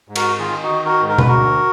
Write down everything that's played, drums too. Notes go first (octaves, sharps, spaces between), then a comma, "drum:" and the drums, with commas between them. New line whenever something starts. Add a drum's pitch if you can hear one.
G#2
F#4 A#4, drum: cymbal
D#3 F4 G#4
D#4 F#4
D#3
F#4 A#4
G#2
A#4
B4, drum: tom B2
D2 F#4 A#4